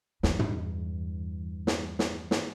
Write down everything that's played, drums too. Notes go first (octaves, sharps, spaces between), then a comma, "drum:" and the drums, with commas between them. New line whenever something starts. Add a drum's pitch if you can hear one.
E2 G2, drum: snare
drum: tom
drum: snare
drum: snare
drum: snare